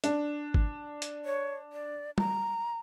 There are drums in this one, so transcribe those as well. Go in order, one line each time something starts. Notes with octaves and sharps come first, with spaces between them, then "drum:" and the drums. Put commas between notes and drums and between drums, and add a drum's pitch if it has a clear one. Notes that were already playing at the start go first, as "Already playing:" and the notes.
D4, drum: hi-hat
drum: kick
drum: hi-hat
C#5
D5
A#5, drum: tom G3